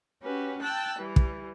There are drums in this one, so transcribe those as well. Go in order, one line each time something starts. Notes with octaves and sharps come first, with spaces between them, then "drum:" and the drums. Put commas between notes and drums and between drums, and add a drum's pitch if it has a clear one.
C#4 F#4 G4 B4
G5 A5 E6 F#6
E3 G3
drum: kick